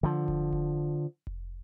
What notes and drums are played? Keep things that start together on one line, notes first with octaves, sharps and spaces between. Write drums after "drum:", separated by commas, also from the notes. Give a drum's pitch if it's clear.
D3 F3
drum: kick F1
drum: kick F1
drum: kick F1